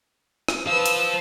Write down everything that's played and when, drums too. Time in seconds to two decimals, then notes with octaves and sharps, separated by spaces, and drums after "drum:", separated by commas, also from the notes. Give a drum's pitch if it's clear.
0.48 drum: rim click
0.67 B4 C5 F5 E6
0.86 drum: hi-hat